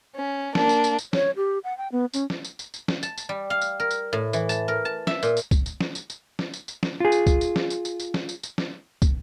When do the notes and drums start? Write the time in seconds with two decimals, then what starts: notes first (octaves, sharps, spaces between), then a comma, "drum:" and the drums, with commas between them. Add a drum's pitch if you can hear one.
0.15 C#4
0.55 A#3 D4, drum: snare
0.69 drum: tambourine
0.84 drum: tambourine
0.99 drum: tambourine
1.13 C#5, drum: snare
1.36 G4
1.64 F#5
1.78 G5
1.92 B3
2.14 C#4, drum: tambourine
2.30 drum: snare
2.45 drum: tambourine
2.59 drum: tambourine
2.74 drum: tambourine
2.88 drum: snare
3.03 A5, drum: tambourine
3.18 drum: tambourine
3.29 G3
3.50 F5
3.61 drum: tambourine
3.80 A#4
3.91 drum: tambourine
4.13 A2
4.33 E3, drum: tambourine
4.49 A5, drum: tambourine
4.68 A#4
4.85 A5
5.07 E5, drum: snare
5.23 A#2, drum: tambourine
5.37 drum: tambourine
5.51 drum: kick, tambourine
5.66 drum: tambourine
5.81 drum: snare
5.95 drum: tambourine
6.10 drum: tambourine
6.39 drum: snare
6.54 drum: tambourine
6.68 drum: tambourine
6.83 drum: snare
7.00 F4 G#4
7.12 drum: tambourine
7.27 drum: kick, tambourine
7.41 drum: tambourine
7.56 drum: snare
7.70 drum: tambourine
7.85 drum: tambourine
8.00 drum: tambourine
8.14 drum: snare
8.29 drum: tambourine
8.43 drum: tambourine
8.58 drum: snare
9.02 drum: kick, tambourine